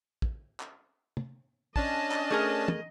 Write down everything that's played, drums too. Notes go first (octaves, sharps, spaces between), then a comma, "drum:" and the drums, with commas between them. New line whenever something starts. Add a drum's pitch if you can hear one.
drum: kick
drum: clap
drum: tom
C#4 D4 D#5 A5, drum: kick
drum: clap
A3 G#4 A#4
drum: tom